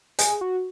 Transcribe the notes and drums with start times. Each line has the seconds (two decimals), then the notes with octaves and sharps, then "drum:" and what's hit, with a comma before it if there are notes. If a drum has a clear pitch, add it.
0.19 G#4, drum: hi-hat
0.41 F#4